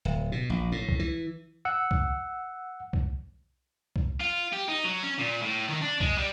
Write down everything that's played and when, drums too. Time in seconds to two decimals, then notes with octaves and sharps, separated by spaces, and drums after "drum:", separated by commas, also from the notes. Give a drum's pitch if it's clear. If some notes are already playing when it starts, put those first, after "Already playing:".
0.05 D1
0.32 B2
0.50 A#1
0.72 A2
0.88 drum: kick C2
0.99 E3
1.65 F#5 E6
1.91 drum: kick C2
2.93 drum: kick C2
3.96 drum: kick C2
4.20 F4
4.53 G4
4.69 D#4
4.84 F#3
5.03 C#4
5.18 A#2
5.42 A2
5.68 D#3
5.82 D4
6.00 G#3, drum: kick C2
6.18 G3